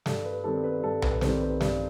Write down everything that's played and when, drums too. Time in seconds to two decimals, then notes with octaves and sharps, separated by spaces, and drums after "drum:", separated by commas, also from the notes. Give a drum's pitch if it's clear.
0.06 G2 A4, drum: snare
0.25 B4
0.44 D#3 G3 C4 A4
0.64 B4
0.83 G2 A4
1.02 B4, drum: tom B1
1.21 D#3 G3 C4 A4, drum: snare
1.41 B4
1.61 G2, drum: snare